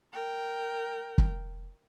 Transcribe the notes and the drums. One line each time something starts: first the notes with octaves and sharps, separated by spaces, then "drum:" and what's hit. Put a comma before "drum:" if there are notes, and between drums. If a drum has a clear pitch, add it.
A#4 G5
drum: kick